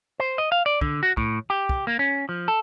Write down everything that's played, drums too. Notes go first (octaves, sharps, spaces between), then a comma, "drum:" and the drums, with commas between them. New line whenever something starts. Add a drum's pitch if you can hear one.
C5
D#5
F5
D5
D3, drum: kick
F#4
A2, drum: kick
G4
drum: kick
A#3
C#4
F3
A4